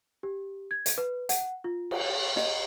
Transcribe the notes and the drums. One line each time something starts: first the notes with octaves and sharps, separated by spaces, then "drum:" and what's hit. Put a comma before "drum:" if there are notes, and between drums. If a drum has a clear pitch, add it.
G4
G#6
drum: hi-hat
B4
F#5, drum: hi-hat
F4
drum: cymbal
C#5
D#5, drum: snare